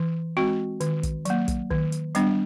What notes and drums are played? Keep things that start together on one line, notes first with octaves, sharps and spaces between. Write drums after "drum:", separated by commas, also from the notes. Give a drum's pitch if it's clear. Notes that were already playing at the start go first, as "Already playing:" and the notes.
Already playing: E3
G#3 C4 F#4
D#3, drum: hi-hat
drum: kick, hi-hat
F#3 A#3, drum: hi-hat
drum: kick, hi-hat
D#3, drum: kick
drum: hi-hat
G3 B3 D4, drum: hi-hat